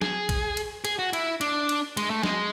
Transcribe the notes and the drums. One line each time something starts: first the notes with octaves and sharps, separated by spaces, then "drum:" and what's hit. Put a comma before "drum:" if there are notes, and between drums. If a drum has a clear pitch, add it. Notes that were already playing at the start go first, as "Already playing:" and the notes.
G#4, drum: snare
drum: kick, cymbal
drum: cymbal
G#4, drum: cymbal
F#4
E4, drum: cymbal
D4, drum: cymbal
drum: cymbal
G#3, drum: cymbal
A3
G#3, drum: snare